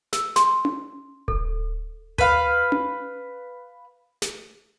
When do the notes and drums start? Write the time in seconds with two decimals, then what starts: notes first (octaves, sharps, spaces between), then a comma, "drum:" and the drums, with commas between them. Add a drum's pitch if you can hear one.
0.13 E6, drum: snare
0.36 C6, drum: snare
0.65 drum: tom C#4
1.28 A4, drum: kick D1
2.18 B4 F5, drum: tom D2
2.72 drum: tom C#4
4.22 drum: snare